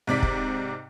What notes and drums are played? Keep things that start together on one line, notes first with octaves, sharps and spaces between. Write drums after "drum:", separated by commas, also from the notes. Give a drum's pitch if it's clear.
G#2 C3 D5 B6
drum: kick